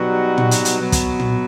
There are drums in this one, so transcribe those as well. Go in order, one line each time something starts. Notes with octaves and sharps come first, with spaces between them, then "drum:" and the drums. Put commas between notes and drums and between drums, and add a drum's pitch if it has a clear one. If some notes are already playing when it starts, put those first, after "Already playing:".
Already playing: B2 F#3 G3 B3 D#4 F#4
drum: tom A#2
drum: hi-hat
drum: hi-hat
B2 F#3 B3
drum: kick, hi-hat
drum: tom A#2